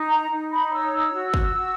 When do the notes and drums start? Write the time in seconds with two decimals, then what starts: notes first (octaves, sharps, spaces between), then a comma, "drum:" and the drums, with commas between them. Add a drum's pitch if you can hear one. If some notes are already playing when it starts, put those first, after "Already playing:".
Already playing: D#4
0.10 A#5
0.30 D#4
0.51 B5
0.72 C#5 E6
1.13 F#4
1.34 drum: kick
1.55 F#4